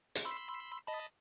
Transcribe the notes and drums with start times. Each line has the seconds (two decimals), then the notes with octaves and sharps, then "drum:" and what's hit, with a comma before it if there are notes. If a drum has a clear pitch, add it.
0.15 drum: hi-hat
0.25 B5 C6 E6
0.87 D#5 A5 B5